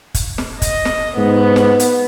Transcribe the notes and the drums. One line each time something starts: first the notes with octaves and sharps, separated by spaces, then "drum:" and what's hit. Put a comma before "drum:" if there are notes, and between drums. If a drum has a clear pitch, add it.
drum: kick, hi-hat
drum: snare
D#5, drum: kick, hi-hat
drum: snare
G#2 B3
drum: snare
drum: hi-hat